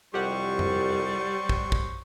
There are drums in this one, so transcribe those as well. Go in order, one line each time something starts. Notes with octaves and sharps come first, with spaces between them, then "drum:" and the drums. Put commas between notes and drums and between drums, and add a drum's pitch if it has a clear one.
C2 F2 F#3 G3 G4 C5 F#5 C#6
drum: tom F2
drum: kick
drum: kick